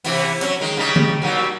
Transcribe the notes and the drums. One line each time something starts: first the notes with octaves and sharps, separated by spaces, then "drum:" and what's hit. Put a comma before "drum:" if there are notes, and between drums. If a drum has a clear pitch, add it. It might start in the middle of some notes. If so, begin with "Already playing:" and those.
C3 E3 B3, drum: open hi-hat
F#3 C#4, drum: hi-hat
D#3 G#3
C#3 G3 D#4
drum: tom D3
A#2 F#3 G3